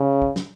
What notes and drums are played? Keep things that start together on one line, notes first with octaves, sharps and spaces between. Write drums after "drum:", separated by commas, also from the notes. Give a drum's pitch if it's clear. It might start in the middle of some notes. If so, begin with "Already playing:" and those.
Already playing: C#3
drum: kick
drum: snare